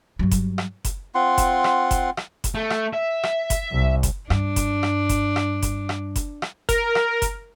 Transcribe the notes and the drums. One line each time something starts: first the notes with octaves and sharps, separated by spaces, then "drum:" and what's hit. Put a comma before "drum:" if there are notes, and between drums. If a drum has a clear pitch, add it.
G2 F#3
drum: kick F#1, hi-hat
drum: rim click
drum: kick F#1, hi-hat
C4 F4 F#5 C6
drum: kick F#1, hi-hat
drum: rim click
drum: kick F#1, hi-hat
drum: rim click
drum: kick F#1, hi-hat
A3
drum: rim click
E5
drum: rim click
drum: kick F#1, hi-hat
C2
drum: kick F#1, hi-hat
G2 D4, drum: rim click
drum: kick F#1, hi-hat
drum: rim click
drum: kick F#1, hi-hat
drum: rim click
drum: kick F#1, hi-hat
drum: rim click
drum: kick F#1, hi-hat
drum: rim click
A#4, drum: kick F#1, hi-hat
drum: rim click
drum: kick F#1, hi-hat